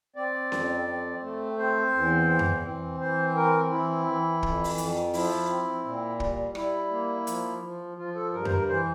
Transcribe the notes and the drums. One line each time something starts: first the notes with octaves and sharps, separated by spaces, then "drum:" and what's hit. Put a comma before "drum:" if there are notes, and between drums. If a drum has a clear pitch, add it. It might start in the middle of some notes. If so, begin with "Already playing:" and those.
C4 D5
F2, drum: snare C#4
C4
A3
C4 C5
E2
E3
drum: tom F2
C4
E3 C5
C4 A#4
E3 E4
E3
F2, drum: kick
drum: open hi-hat
F2, drum: hi-hat
F3 E4, drum: open hi-hat
C4
A#2
G3, drum: kick
G3 E4, drum: rim click
A#3
F3, drum: hi-hat
F3
F3 F4
A4
G2 A#4
C5, drum: tom F2
A#4
E3 C5